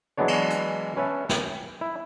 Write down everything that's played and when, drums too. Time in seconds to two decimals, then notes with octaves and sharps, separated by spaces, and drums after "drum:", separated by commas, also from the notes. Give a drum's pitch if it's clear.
0.18 E3 F#3 G#3 B3 D4 C#5
0.28 drum: cymbal
0.50 drum: hi-hat
0.97 C#4 B4 C#5 E5 A5
1.29 G5, drum: snare
1.81 E4